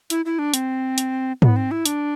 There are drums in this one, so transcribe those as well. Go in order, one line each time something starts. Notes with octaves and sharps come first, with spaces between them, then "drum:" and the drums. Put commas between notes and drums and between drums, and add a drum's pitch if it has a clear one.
E4, drum: hi-hat
E4
D4
C4, drum: hi-hat
drum: hi-hat
B3, drum: tom G#2
C4
E4
D4, drum: hi-hat